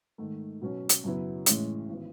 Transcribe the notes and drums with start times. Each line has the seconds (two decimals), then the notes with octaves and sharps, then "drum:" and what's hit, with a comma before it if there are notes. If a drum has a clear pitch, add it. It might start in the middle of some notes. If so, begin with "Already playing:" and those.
0.18 G#2 D#3 A3
0.62 B2 F#3 C#4
0.89 drum: hi-hat
1.04 F#2 C#3 F#3 B3 E4
1.46 A1 A2 G#3 C#4, drum: hi-hat
1.87 G#1 E3 B3